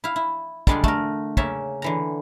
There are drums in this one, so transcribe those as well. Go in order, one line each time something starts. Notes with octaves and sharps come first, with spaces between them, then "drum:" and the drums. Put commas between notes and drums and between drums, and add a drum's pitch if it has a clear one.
E4 F5
E4
D3 G3 G#3 D4 F4 G#4, drum: kick
A3 A#4, drum: kick
C#3 A#3 C#4 E5 A5 A#5, drum: kick
D3 E3 A#5